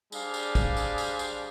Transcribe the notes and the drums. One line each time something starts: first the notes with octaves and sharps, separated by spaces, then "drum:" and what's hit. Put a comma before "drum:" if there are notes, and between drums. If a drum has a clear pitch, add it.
G3 D4 G#4 C5 F5, drum: tambourine
drum: tambourine
drum: kick, tambourine
drum: tambourine
drum: tambourine
drum: tambourine